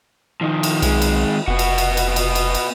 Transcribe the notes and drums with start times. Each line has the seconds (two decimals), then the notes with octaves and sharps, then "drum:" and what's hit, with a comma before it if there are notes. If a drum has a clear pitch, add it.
0.41 D#3 F3
0.63 drum: cymbal
0.82 B1 D#3 G#3, drum: cymbal
1.02 drum: cymbal
1.48 F1 B3 F#4
1.59 drum: cymbal
1.78 drum: cymbal
1.97 drum: cymbal
2.16 drum: cymbal
2.35 drum: cymbal
2.54 drum: cymbal